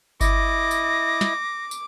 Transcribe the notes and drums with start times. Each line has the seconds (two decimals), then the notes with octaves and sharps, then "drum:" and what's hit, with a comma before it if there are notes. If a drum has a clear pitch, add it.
0.21 E4 D#5 D6 A#6, drum: kick G1, tambourine
0.71 drum: tambourine
1.21 drum: snare
1.71 drum: tambourine